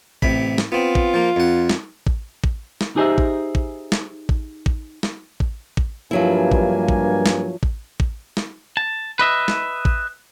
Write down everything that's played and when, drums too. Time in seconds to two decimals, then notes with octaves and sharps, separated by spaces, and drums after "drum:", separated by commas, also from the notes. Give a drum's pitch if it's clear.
0.22 A1 C3 B5, drum: kick
0.58 drum: snare
0.72 B3 C4 F4
0.95 drum: kick
1.14 F3 A#3
1.36 F2 F#5
1.69 drum: snare
2.07 drum: kick
2.44 drum: kick
2.81 drum: snare
2.96 D#4 G4 G#4 C5 D#5 E5
3.18 drum: kick
3.55 drum: kick
3.92 drum: snare
4.29 drum: kick
4.66 drum: kick
5.03 drum: snare
5.40 drum: kick
5.77 drum: kick
6.11 G2 F3 F#3 A#3 E4 G#5
6.51 drum: kick
6.89 drum: kick
7.26 drum: snare
7.63 drum: kick
8.00 drum: kick
8.37 drum: snare
8.77 A5
9.19 B4 D#5 E5
9.48 drum: snare
9.85 drum: kick